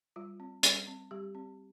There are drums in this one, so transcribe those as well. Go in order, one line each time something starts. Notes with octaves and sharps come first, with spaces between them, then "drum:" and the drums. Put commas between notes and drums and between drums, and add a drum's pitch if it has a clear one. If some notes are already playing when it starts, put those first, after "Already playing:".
G3 F4
C4
G3, drum: hi-hat
C4
G3 G4
C4